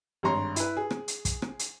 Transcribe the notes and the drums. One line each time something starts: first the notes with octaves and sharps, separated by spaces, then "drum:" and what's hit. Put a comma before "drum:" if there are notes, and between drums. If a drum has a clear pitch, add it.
G#1 G2 C#5 A#5 C6
E4 B4, drum: hi-hat
G#4
drum: rim click
drum: hi-hat
drum: kick, hi-hat
drum: rim click
drum: hi-hat